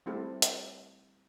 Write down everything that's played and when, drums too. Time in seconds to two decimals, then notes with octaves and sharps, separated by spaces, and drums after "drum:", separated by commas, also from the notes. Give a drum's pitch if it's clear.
0.06 G3 A3 C4 E4 G4 A4
0.42 drum: hi-hat